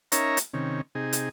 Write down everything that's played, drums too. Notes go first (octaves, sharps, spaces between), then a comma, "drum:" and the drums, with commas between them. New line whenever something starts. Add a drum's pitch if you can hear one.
C#4 D#4 A#4 C#5 E5 A#5, drum: hi-hat
drum: hi-hat
C3 D#3 C#4
C3 D#4 G#4
drum: hi-hat